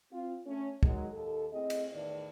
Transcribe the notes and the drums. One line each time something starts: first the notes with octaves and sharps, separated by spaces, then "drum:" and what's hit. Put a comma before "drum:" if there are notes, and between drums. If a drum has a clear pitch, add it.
C4 F4
A3 C#4
D#3 F#3 G#3, drum: kick
D#2 A4
A2 C4 G#4 D#5
drum: cymbal
E2 A2 D#3 D5